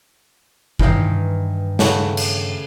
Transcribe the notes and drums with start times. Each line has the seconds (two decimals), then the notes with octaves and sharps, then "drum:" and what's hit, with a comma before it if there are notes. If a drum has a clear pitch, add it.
0.79 G2 D#3 E3 D#4 F5, drum: kick
1.79 C#3 A3 F#5, drum: snare
2.17 drum: cymbal